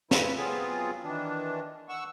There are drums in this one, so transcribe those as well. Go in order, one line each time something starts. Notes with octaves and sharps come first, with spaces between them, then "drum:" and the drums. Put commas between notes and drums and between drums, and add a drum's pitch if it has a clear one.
F2 C#3 F3 E4 B4, drum: snare
F#3 B3 C4 F4 G#4
D#3 E3 D4
F#5 C#6 E6